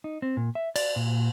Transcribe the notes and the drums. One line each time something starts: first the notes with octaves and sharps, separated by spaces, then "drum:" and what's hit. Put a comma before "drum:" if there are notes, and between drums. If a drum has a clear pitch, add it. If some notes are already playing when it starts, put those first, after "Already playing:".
D#4
C4
A#2
E5
D5, drum: cymbal
A#2